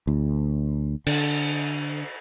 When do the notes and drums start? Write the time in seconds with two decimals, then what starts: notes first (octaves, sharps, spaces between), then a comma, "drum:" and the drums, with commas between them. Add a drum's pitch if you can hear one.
0.07 D2
1.07 D3, drum: cymbal